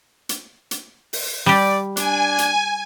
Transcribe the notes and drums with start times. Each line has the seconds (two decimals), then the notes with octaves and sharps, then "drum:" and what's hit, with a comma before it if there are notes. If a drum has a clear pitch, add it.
0.29 drum: hi-hat
0.71 drum: hi-hat
1.13 drum: open hi-hat
1.46 G3 G4 D5
1.97 D4 G#5, drum: hi-hat
2.38 drum: hi-hat